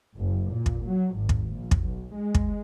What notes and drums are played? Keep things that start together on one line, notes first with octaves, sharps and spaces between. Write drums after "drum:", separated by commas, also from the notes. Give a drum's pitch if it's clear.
F#1
A#2
drum: kick
F#3
G#1
drum: kick
A#1
drum: kick
B1
G#3
drum: kick